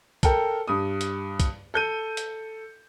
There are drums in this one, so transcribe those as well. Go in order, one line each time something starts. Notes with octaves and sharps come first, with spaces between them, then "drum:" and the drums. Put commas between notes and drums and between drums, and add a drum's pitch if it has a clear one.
A4 A#4 G5, drum: kick, hi-hat
G2 D#6
drum: hi-hat
drum: kick, hi-hat
A4 G6 D#7
drum: hi-hat